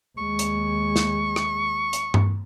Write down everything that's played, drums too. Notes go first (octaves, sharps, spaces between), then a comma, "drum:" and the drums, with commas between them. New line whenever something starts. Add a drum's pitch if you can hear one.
D#2 G#3 C#6
drum: hi-hat
drum: snare
drum: rim click
drum: hi-hat
drum: tom G2